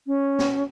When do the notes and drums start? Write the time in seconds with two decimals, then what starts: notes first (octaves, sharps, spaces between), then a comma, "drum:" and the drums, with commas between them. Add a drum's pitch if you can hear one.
0.07 C#4
0.39 drum: snare